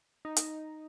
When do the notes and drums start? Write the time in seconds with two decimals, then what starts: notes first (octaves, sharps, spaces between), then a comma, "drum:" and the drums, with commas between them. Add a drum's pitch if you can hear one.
0.25 D#4
0.36 drum: hi-hat